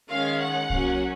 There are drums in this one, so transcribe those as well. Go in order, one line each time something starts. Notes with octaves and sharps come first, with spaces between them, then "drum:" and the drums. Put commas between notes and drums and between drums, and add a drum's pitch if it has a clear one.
D#3 G#3 C#4 F5
F#5
F#3 A#3 C#4, drum: kick